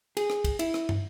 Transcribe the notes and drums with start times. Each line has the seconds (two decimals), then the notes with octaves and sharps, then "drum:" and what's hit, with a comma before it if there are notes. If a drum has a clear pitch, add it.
0.17 G#4, drum: cymbal
0.30 drum: rim click
0.44 drum: kick, cymbal
0.59 E4, drum: cymbal
0.74 drum: rim click
0.89 drum: tom